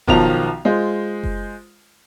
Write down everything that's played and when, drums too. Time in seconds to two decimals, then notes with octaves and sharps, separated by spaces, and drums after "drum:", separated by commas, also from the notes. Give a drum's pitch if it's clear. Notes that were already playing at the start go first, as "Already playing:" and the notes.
0.08 B1 D#3 F3 A5 A#5 F7, drum: kick F#1
0.65 G#3 F4 C5
1.24 drum: kick F#1